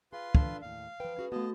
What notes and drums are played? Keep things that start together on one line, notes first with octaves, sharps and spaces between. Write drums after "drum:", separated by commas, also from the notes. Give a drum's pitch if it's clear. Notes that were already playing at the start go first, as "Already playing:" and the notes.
F4 G#4 B4 C6
D4 A4, drum: kick
D#2 A2 F5
F3 B4 G5
C#4 F#4 G#4
A3 B3 F#4 D#5 F5 A5